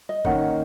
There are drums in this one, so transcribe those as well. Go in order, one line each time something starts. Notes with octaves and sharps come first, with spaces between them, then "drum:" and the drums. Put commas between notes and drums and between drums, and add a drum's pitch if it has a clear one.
D#5
D#3 A#3 C#4 F#5, drum: kick G#1